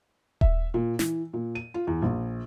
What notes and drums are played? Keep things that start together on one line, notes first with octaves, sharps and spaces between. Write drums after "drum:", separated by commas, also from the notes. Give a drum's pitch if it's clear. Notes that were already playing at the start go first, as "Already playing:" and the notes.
E5, drum: kick D#1
A#2
E3, drum: snare
A#2
D#7
F4
E2
A#1